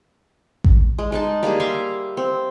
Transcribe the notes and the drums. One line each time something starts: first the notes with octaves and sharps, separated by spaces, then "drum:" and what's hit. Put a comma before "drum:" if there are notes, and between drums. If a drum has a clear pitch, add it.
drum: kick A1
G#3
G#3 D#4 A5
G3 A#3 G4 G#4
E5 F5 A#5 C6
C4